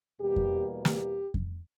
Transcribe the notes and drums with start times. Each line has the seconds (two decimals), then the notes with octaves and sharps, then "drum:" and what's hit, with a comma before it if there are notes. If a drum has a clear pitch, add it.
0.20 E2 B2 G3 A#3 G4
0.36 drum: kick F2
0.85 G4, drum: snare
1.34 drum: kick F2